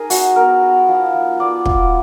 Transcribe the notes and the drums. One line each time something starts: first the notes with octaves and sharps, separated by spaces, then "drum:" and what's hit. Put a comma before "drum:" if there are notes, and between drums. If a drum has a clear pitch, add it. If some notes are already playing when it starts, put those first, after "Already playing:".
Already playing: D#4 G#4 A#4
G#3 F#4, drum: open hi-hat
B3 A#4
B3
F3
F3
B3 D5
F4, drum: kick